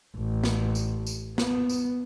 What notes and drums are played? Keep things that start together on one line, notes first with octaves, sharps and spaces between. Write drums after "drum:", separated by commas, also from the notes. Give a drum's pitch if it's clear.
A1
drum: snare
drum: tambourine
drum: tambourine
B3, drum: snare
drum: tambourine